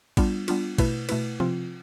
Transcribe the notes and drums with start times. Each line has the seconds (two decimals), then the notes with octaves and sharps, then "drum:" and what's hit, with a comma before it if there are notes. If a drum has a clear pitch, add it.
0.17 G3 B3 D4 F4, drum: kick, cymbal
0.48 G3 B3 D4 F4, drum: cymbal
0.78 B2 A3 E4 B4, drum: kick, cymbal
1.09 B2 A3 E4 B4, drum: cymbal
1.40 C3 F3 C4 F4